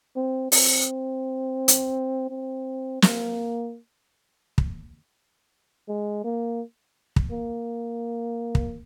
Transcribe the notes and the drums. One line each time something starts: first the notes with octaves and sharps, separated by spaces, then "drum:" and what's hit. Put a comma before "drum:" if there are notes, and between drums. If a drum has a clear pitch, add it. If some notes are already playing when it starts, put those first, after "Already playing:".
C4
C4, drum: open hi-hat
drum: hi-hat
C4
A#3, drum: snare
drum: kick
G#3
A#3
drum: kick
A#3
drum: kick